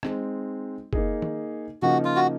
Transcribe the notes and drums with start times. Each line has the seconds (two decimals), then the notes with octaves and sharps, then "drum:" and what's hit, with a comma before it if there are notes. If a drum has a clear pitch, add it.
0.03 G#3 C4 D#4, drum: rim click
0.93 A#3 D#4 G#4, drum: kick F#1
1.22 drum: tom D#3
1.82 C#3 F3 A#3 D#4 F#4
2.05 F4
2.16 F#4